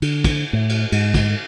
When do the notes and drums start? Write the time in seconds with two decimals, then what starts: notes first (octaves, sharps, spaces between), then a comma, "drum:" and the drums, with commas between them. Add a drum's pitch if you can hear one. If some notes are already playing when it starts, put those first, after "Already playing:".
0.02 D3, drum: cymbal
0.24 drum: kick, cymbal
0.53 A2
0.69 drum: cymbal
0.92 G#2, drum: cymbal
1.14 drum: kick, cymbal